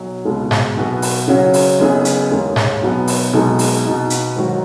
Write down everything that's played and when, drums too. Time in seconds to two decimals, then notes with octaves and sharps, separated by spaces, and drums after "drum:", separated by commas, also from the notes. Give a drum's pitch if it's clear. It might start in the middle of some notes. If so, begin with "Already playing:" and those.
Already playing: B1 F#3
0.25 C#2 B2 G#3
0.51 drum: snare G#2
0.77 B1 B2 B3 F#4 B4
1.02 drum: open hi-hat
1.28 C#3 F#3 C#4 F#4
1.54 drum: open hi-hat
1.79 F#1 F#2 C#3 B3 G#4
2.05 drum: hi-hat
2.31 D#2 D#3 G#3 C#4
2.56 drum: snare G#2
2.82 B1 B2 F#3 B3 D#4
3.07 drum: open hi-hat
3.33 B1 B2 G#3 D#4
3.59 drum: open hi-hat
3.85 B2 B3 D#4
4.10 drum: hi-hat
4.36 G#2 D#3 F#3 D#4 F#4